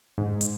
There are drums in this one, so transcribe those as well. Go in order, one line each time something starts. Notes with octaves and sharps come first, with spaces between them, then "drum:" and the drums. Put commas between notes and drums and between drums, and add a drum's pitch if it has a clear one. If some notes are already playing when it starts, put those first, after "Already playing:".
G#2
drum: hi-hat